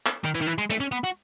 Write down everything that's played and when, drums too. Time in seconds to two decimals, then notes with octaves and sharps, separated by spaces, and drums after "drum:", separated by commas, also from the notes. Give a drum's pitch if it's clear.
0.06 drum: clap
0.24 D#3
0.35 E3
0.41 D#3
0.47 E3
0.58 G#3
0.70 A3, drum: hi-hat
0.80 C#4
0.92 B3
1.04 F#4